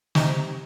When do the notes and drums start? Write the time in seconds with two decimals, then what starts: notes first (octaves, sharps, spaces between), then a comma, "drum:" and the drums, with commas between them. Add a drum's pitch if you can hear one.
0.15 C3 D#4, drum: snare